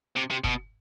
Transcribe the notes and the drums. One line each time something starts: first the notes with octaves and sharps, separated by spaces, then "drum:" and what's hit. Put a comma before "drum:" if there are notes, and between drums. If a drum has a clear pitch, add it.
C3
C3
B2, drum: kick